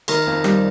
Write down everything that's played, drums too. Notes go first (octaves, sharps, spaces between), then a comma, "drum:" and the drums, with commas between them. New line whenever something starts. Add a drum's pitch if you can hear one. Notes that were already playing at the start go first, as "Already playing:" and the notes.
D#3 A#4, drum: cymbal
F2
G3, drum: rim click